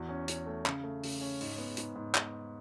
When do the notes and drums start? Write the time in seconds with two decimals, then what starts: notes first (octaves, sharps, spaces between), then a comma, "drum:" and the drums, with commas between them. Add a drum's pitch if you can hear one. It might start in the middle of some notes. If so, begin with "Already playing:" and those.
Already playing: E2 F#4
0.09 C#4
0.28 C#4, drum: hi-hat
0.47 A3
0.66 C#3, drum: clap
0.84 A3
1.03 C#3, drum: open hi-hat
1.21 C#4
1.41 G#2, drum: open hi-hat
1.58 B3
1.77 G#2, drum: hi-hat
1.96 G#2
2.15 drum: clap